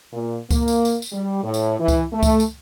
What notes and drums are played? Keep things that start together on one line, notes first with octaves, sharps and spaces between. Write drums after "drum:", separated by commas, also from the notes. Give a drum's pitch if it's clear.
A#2
A#3, drum: kick C#2, tambourine
drum: tambourine
drum: tambourine
drum: tambourine
G3
A2
drum: tambourine
E3
drum: kick C#2, tambourine
A3
drum: kick C#2, tambourine
drum: tambourine